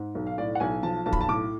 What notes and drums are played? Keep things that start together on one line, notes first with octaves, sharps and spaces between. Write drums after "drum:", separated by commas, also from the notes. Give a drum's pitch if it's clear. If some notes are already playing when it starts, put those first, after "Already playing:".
Already playing: G#2
B1
F5
A2 D5
F#5
B1 G#5
F3 A5
B1 A5
B5, drum: kick
A5
A2 D6